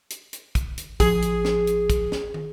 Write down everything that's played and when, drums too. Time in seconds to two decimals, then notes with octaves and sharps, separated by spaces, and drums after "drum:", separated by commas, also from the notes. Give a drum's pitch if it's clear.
0.10 drum: hi-hat
0.33 drum: hi-hat
0.55 drum: kick, hi-hat
0.78 drum: hi-hat
1.00 A1 F3 G#4, drum: kick, hi-hat
1.22 drum: hi-hat
1.45 drum: snare
1.67 drum: hi-hat
1.90 drum: kick, hi-hat
2.12 drum: snare
2.34 drum: tom